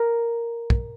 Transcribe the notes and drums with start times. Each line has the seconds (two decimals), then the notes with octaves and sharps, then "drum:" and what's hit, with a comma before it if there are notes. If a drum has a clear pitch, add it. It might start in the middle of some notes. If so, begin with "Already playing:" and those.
Already playing: A#4
0.70 drum: kick